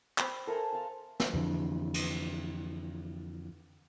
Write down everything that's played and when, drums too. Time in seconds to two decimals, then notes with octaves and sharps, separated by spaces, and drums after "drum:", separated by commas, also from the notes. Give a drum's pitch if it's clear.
0.18 C5 G5 B5 C6, drum: clap
0.47 A4 A#4 E5 G#5
0.73 F5 A5
1.20 drum: snare
1.34 F2 D3 E3
1.94 drum: cymbal